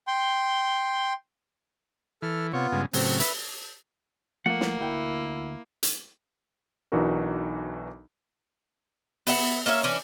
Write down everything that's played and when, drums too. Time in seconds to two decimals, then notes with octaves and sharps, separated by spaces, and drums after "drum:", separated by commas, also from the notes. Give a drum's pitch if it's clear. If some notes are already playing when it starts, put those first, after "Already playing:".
0.08 G5 C6
2.22 E3 A4 F6
2.53 C3 B3 F4 C#5
2.72 G2 C#3 G#3
2.93 A2 C#3 F#3 C4, drum: open hi-hat
3.20 B4 E5, drum: hi-hat
4.46 F3 A3 A#3 F4 F#5
4.61 drum: snare
4.80 D2 E4 G5
5.83 drum: hi-hat
6.92 B1 E3 D4 D#4 F#4 A#4
9.27 B3 E5 F#5, drum: open hi-hat
9.66 A#3 C#4 C#5 E5
9.83 E3 C#4 D4